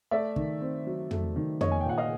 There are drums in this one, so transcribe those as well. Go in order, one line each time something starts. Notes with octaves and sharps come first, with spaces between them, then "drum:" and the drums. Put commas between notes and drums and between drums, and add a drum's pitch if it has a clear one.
A3 D5 E5
D#3, drum: kick
C4
F#3
A3, drum: tom
D#3
A#3 C#5 D#5, drum: tom
G#5
G5
A#2 F#5
D#5 F5